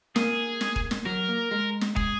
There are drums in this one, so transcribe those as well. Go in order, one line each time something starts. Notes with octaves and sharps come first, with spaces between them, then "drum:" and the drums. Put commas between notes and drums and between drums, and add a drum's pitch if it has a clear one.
A#3 G#4, drum: snare
drum: snare
drum: kick D#1
drum: snare
F#3 A#4
A#3
G#3
drum: snare
G#4, drum: kick D#1